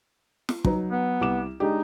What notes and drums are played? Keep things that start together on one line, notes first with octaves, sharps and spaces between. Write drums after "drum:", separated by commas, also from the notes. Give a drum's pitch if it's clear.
drum: snare
F#3 D#4 B4, drum: kick
B3
C2 D6 E7
G#3 D4 D#4 G4